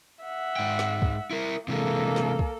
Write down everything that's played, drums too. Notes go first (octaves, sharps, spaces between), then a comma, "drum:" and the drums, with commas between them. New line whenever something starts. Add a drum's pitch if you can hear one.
E5 F#5
G#2 G5
drum: snare
drum: kick
E4 A#4
C3 E3 G#3 A#3 A4
drum: snare
drum: kick